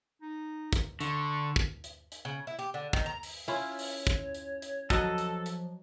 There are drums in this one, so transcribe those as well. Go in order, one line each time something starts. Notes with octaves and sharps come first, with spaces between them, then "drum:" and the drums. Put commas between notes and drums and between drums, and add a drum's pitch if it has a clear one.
D#4
drum: kick, hi-hat
D3 C#6, drum: hi-hat
drum: kick
drum: hi-hat
drum: hi-hat
C#3
E4
G4
D3
D#3, drum: kick
A#5
drum: open hi-hat
C#4 E4 F4 C#5
drum: open hi-hat
drum: kick, hi-hat
drum: hi-hat
drum: hi-hat
F3 F#3 F#4 A4 D#5, drum: kick, hi-hat
drum: hi-hat
drum: hi-hat